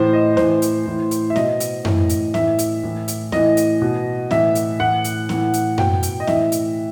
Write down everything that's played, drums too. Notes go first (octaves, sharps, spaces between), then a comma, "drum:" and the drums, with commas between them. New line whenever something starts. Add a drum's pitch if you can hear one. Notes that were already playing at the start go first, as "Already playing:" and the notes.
Already playing: A2 E3 C5
D#5
A2 E3 C5, drum: snare C4
drum: hi-hat
A2 E3
drum: hi-hat
E5
B2 D#5, drum: snare C4
drum: hi-hat
A2 E3, drum: tom F#2
drum: hi-hat
A2 E3 E5, drum: snare C4
drum: hi-hat
A2 E3
drum: hi-hat
A2 E3 D#5, drum: snare C4
drum: hi-hat
B2
A2 E3 E5, drum: snare C4
drum: hi-hat
A2 E3 F#5
drum: hi-hat
A2 E3, drum: snare C4
drum: hi-hat
B2 G5, drum: tom F#2
drum: hi-hat
D#5
A2 E3 E5, drum: snare C4
drum: hi-hat